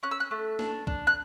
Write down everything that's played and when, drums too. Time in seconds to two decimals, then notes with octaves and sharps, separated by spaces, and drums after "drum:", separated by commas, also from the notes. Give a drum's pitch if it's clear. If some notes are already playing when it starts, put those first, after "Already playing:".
0.03 C#4 F#6
0.11 E6
0.20 F#6
0.31 A3
0.59 D4, drum: snare
0.87 D4, drum: kick
1.07 F#6